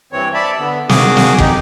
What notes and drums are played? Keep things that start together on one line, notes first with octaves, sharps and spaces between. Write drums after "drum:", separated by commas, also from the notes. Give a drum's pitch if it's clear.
G2 E3 C4 C#5
D5 E5 A5 B5
D3 B3
D3 D#3 F#4 G#4 D6 D#6, drum: snare
drum: snare
D3 D#4 G4, drum: kick